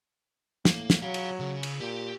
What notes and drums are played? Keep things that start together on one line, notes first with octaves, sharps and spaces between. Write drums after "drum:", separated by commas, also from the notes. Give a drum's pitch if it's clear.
A2 A#3, drum: snare
drum: snare
F#3 C#5 F5
drum: cymbal
C#3
drum: cymbal
A#2 G4